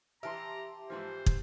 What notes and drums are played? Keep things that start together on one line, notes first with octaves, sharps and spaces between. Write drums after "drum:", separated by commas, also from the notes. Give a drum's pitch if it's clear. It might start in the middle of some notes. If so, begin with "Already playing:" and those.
E3 G4 E5 A5 A#5 C6 F6
G#2 E3 F3 C5
drum: kick